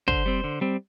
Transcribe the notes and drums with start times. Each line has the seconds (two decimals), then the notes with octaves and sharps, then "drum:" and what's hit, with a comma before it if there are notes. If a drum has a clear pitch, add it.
0.08 D3 C5, drum: kick
0.26 G3 C4
0.44 D3
0.61 G3 C4